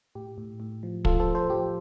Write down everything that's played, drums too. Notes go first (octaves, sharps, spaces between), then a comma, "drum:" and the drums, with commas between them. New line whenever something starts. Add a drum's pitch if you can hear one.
A2 G4
A2
A2
F3
F3 F4 A4, drum: kick
A4 C5
A2
A4 C5
F3 G4